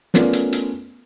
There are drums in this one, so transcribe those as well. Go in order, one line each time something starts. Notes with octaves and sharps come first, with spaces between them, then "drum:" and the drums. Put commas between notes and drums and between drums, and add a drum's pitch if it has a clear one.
A3 B3 C#4 F4 A#4 D5, drum: snare
drum: hi-hat
drum: hi-hat